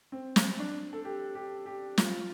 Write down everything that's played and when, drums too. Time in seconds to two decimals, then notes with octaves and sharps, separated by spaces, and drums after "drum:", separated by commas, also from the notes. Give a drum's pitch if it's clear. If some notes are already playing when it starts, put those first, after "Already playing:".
0.12 C4
0.36 drum: snare
0.59 D4
0.93 A4
1.05 G4
1.35 G4
1.66 G4
1.98 F4, drum: snare